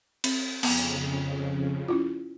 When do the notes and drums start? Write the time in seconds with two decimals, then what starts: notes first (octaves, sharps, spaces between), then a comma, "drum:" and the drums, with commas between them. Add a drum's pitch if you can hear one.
0.24 C4, drum: cymbal
0.63 F2 C#3 B3, drum: cymbal
1.88 C#4 E4 F4